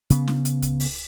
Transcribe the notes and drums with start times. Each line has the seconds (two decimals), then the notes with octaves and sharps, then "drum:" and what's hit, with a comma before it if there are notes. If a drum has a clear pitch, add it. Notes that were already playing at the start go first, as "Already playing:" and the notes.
0.10 C#3 B3, drum: hi-hat
0.28 drum: snare
0.45 drum: hi-hat
0.62 drum: kick C#2, hi-hat
0.80 drum: open hi-hat